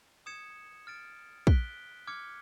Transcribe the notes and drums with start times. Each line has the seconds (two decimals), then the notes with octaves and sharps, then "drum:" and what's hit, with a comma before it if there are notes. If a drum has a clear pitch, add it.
0.26 D#6 G#6 C#7 E7
0.87 F6 A6 D7
1.47 F#6 B6 D7 G7, drum: kick
2.07 D6 F6 G#6 C#7